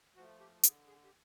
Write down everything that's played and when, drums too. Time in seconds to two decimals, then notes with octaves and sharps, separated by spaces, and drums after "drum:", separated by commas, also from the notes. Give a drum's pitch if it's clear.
0.16 F3 A3 F#4
0.40 G4
0.63 D3 G#4, drum: hi-hat
0.87 G#4
1.04 G4